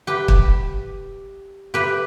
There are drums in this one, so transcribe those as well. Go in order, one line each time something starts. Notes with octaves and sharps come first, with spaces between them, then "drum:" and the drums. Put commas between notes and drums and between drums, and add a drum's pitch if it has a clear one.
G4 B4
drum: kick
G4 B4